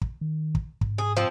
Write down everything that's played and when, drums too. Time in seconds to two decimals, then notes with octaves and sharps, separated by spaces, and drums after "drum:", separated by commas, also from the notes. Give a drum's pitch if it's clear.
0.01 drum: kick
0.21 D#3
0.55 drum: kick
0.81 G#2, drum: kick
0.98 G#4
1.17 F3 C4